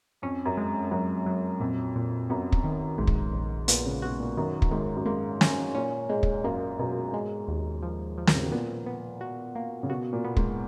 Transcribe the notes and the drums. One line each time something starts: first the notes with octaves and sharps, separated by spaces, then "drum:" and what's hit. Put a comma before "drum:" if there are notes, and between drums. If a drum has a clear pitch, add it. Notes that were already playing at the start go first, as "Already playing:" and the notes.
F2 C#4
F#2
G#3
F#2 F#3
F#3
F2 A#2
A#2
F#2 B3
drum: kick
D#3
A#1 G#2
drum: kick
A#1
A#2 B3, drum: hi-hat
C#3
B2 F#4
A#2
F#2 D#3
drum: kick
G#2 D#3
F#2
G#2 A#3
C#4, drum: snare
A#2 C#4
G#2 G#3
drum: kick
F#2 A#3
F#2 B2
G#2 G#3
D#2
F3
F3
D#3, drum: snare
C#3
B2
A#2 B3
B3
F#4
A#3
C#3
B2 F#4
A#2
B3
G#2, drum: kick